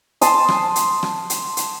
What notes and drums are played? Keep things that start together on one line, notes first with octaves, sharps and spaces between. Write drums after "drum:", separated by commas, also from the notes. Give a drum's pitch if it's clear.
A5 C6 D#6, drum: hi-hat
drum: rim click
drum: hi-hat
drum: rim click
drum: hi-hat
drum: hi-hat